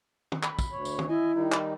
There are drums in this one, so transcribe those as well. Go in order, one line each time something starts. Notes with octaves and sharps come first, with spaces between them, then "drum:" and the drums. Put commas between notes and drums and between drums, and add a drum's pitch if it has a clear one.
drum: tom
B5, drum: clap
drum: kick, tambourine
D2 C#5
drum: tambourine
drum: tom
E4 D#5 G#5
D#3 G3 D#4
drum: clap